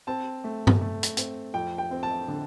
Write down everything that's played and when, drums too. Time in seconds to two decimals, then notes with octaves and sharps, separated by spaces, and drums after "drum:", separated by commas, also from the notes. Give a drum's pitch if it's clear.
0.07 C4 A5
0.44 A3
0.67 drum: tom G2
0.81 A3
1.03 drum: hi-hat
1.17 C4, drum: hi-hat
1.54 F2 G5
1.78 G5
1.91 C4
2.03 A5
2.28 D3